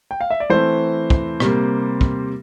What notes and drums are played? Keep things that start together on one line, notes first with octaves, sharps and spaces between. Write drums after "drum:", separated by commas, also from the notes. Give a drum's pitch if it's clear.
G5
F5
E5
D5
E3 A3 C4 C5
drum: kick
C3 G3 A#3, drum: rim click
drum: kick